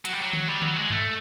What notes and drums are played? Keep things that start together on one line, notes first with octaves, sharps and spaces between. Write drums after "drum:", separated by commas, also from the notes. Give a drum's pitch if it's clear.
F#3, drum: hi-hat
G3
F#3
drum: tom D3
G3
F#3, drum: tom D3
G#3
A3, drum: tom G2